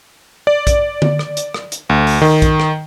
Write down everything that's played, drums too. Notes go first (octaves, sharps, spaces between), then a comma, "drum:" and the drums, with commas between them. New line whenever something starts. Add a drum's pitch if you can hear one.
D5
drum: kick A#1, hi-hat
drum: tom D3
drum: rim click
drum: hi-hat
drum: rim click
drum: hi-hat
D2
drum: open hi-hat
D#3
drum: kick A#1, hi-hat
drum: rim click